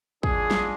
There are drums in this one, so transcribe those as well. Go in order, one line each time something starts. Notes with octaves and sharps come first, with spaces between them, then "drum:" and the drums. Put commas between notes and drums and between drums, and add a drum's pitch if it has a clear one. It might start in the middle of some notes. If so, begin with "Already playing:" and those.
G#3 D4 F4 G#4, drum: kick
drum: snare